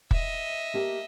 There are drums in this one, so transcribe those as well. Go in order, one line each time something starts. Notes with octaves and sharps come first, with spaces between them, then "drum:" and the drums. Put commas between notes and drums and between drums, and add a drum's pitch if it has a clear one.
D#5 E5, drum: kick
A#3 G4 A5